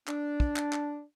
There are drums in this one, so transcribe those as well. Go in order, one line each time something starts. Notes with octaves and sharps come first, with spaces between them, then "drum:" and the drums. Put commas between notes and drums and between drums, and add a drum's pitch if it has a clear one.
D4, drum: clap
drum: kick
drum: clap
drum: clap